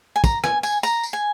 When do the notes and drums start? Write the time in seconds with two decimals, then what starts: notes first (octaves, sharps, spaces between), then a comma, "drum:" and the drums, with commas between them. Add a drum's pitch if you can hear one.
0.16 G#5
0.24 A#5, drum: kick, tambourine
0.44 G#5, drum: rim click
0.63 G#5, drum: tambourine
0.83 A#5, drum: tambourine
1.03 drum: tambourine
1.13 G#5